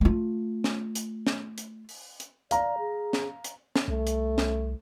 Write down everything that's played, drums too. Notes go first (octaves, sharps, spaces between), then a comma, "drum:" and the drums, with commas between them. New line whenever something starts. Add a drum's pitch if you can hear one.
A3 F4
drum: snare
drum: hi-hat
drum: snare
drum: hi-hat
drum: open hi-hat
drum: hi-hat
D5 F5 A#5, drum: hi-hat
G#4
drum: snare
drum: hi-hat
drum: snare
C2 A3
drum: hi-hat
drum: snare